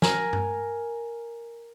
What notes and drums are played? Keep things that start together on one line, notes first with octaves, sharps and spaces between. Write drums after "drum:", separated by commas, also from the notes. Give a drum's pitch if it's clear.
A#4 G#5, drum: snare
drum: tom G2